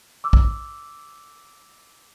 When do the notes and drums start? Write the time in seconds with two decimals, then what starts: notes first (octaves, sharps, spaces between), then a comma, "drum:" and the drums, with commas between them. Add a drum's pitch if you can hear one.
0.24 D6 E6
0.33 drum: kick A#1